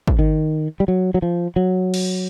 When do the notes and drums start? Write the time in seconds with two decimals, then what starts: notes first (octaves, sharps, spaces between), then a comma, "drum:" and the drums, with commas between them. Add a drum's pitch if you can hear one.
0.07 drum: kick
0.19 D#3
0.80 G3
0.88 F#3
1.14 F#3
1.22 F3
1.56 F#3
1.94 drum: cymbal